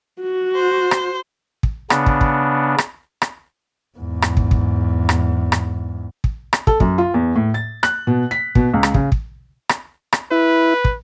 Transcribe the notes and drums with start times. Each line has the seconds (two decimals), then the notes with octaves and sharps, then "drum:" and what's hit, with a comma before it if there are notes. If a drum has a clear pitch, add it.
0.21 F#4
0.55 C5
0.91 drum: rim click
1.63 drum: kick
1.90 C#3 B3 D4, drum: rim click
2.06 drum: kick
2.21 drum: kick
2.78 drum: rim click
3.22 drum: rim click
3.98 E2 G#2
4.22 drum: rim click
4.37 drum: kick
4.51 drum: kick
5.09 drum: rim click
5.52 drum: rim click
6.24 drum: kick
6.53 drum: rim click
6.67 A4, drum: kick
6.80 F#2, drum: kick
6.98 F4
7.14 E2
7.35 A2
7.54 A6
7.83 F#6, drum: rim click
8.07 B2
8.31 B6
8.55 B2, drum: kick
8.74 C#2
8.83 drum: rim click
8.94 C#3, drum: kick
9.12 drum: kick
9.69 drum: rim click
10.13 drum: rim click
10.31 E4 B4
10.85 drum: kick